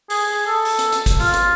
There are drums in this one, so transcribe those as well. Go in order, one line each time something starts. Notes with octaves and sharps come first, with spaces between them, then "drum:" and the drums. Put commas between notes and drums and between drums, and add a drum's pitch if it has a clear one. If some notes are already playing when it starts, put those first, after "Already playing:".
G#4, drum: open hi-hat
G#4
A4
drum: open hi-hat
drum: hi-hat
drum: hi-hat
drum: kick, hi-hat
F4, drum: open hi-hat
drum: hi-hat